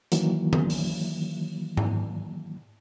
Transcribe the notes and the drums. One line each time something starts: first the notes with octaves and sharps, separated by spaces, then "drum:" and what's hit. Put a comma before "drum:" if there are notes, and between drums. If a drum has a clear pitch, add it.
D#3 E3 F#3 A#3, drum: hi-hat
drum: tom D#3
drum: open hi-hat
drum: tom G#2